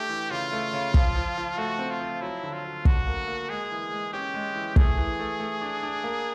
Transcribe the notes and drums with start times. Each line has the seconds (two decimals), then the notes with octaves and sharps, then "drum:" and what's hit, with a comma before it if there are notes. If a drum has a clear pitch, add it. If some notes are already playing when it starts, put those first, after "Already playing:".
Already playing: A3 D4 G4
0.09 E3
0.31 C#3 F4
0.52 A3
0.73 C#3
0.94 F3, drum: kick
1.16 F3
1.37 F3
1.58 A3 F#4
1.79 C4
1.90 F4
2.00 F3
2.21 F#3 E4
2.43 D3
2.53 F4
2.65 F#3
2.85 D3 F#4, drum: kick
3.07 A#3
3.28 A#3
3.50 G#3 G#4
3.71 E3
3.91 G#3
4.13 C#4 G4
4.34 G#3
4.55 E3
4.76 A3 G#4, drum: kick
4.98 E3
5.20 A3
5.40 A3
5.62 D4
5.83 D4
6.04 A#3